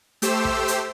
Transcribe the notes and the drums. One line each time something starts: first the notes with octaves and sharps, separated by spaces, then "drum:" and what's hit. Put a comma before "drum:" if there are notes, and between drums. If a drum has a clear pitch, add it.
A3 G4 C5 E6, drum: hi-hat
drum: kick
drum: hi-hat